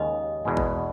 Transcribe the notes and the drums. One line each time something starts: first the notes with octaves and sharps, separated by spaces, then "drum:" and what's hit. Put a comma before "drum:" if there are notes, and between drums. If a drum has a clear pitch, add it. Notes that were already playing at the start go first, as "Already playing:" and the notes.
Already playing: D#2 C#3 G#3 C#4 D#5
E2 B2 G#3
drum: kick G#1